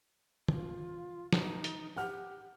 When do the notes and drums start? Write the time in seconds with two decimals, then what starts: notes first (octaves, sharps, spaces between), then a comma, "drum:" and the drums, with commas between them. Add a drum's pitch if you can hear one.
0.48 F4, drum: tom
1.33 D#4, drum: snare
1.64 drum: hi-hat
1.97 G4 F#5 F6